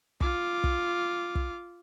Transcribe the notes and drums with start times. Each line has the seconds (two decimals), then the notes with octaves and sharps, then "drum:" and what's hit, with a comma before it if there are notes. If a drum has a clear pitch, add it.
0.21 F4 D6, drum: kick
0.64 drum: kick
1.35 drum: kick